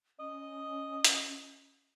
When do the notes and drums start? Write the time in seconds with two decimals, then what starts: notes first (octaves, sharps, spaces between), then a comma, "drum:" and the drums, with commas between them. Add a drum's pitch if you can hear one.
0.19 C#4 D#5
1.05 drum: hi-hat